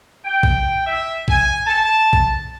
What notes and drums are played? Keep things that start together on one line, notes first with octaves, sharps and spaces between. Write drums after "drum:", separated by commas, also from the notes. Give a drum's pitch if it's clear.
G5
drum: kick A#1
E5
G#5, drum: kick A#1
A5
drum: kick A#1